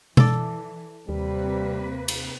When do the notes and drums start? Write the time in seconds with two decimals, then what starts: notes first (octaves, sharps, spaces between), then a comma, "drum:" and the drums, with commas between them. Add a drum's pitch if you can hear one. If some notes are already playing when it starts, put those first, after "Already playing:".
0.17 E3 A4 D5, drum: tom B2
1.09 D#2 C3 G3 A#3 B4
2.08 drum: cymbal